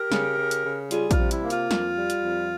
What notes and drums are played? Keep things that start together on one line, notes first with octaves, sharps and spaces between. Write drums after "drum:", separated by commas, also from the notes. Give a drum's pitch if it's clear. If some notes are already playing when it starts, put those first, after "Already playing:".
Already playing: G4 A#4
C#3, drum: snare
C#3
drum: hi-hat
C#3
G3 F4 G#4, drum: hi-hat
F4, drum: kick A#1, hi-hat
C3
E4, drum: hi-hat
A#3
F4, drum: hi-hat
F2, drum: snare
G3
drum: hi-hat
F2